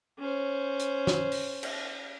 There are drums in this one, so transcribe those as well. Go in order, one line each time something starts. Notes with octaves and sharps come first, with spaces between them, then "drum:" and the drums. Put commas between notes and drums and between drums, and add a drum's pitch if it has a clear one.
C#4 C5
drum: hi-hat
drum: snare
drum: open hi-hat
drum: cymbal